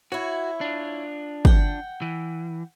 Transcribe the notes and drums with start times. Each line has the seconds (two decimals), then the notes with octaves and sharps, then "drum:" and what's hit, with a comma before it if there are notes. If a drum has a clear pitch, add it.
0.12 E4 F#4 C#5
0.61 D4 F4
1.45 F#5 G5, drum: kick
2.02 E3